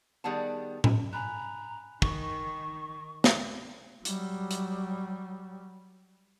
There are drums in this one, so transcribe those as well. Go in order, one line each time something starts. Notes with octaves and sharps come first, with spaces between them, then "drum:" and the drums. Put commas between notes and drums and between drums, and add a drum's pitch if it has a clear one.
D#3 G3 B3 G#4 F#5 A5
drum: tom A2
G#5 A#5 B5 F#6
D#3 C#6, drum: kick
drum: snare
F#3 G3, drum: hi-hat
drum: hi-hat